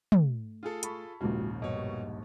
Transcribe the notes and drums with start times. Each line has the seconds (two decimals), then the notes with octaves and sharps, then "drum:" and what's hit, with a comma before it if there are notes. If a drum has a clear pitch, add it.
0.12 A3, drum: tom
0.63 F4 G#4 A4
0.83 A5 B5 C#6, drum: hi-hat
1.21 A#1 D#2 G#2 C#3 G#3 F4 F#4
1.62 G2 B2 G3 C#5 D#5